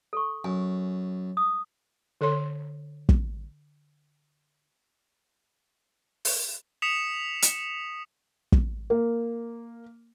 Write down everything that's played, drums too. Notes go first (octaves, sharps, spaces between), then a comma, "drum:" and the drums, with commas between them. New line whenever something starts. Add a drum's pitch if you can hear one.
A4 C#6
F#2 G#5
D#6
D3 A4 C#5 C6
drum: kick
drum: open hi-hat
D#6 B6 C#7 E7 F7
drum: hi-hat
drum: kick
A#3